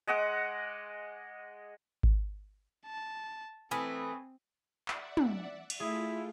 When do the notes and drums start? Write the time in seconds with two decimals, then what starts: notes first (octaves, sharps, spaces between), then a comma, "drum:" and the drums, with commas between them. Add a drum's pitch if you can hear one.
0.07 G#3 D#5 F#5 D6
2.03 drum: kick G#1
2.86 A5
3.71 E3 A3 C4 G#5 B5 D#6
4.88 D5 E5 F#5, drum: clap
5.17 drum: tom
5.70 drum: cymbal
5.80 A3 E4 F4 G#4